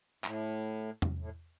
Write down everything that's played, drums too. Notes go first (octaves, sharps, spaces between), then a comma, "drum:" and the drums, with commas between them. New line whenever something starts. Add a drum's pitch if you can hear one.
A2, drum: clap
drum: tom E2
A2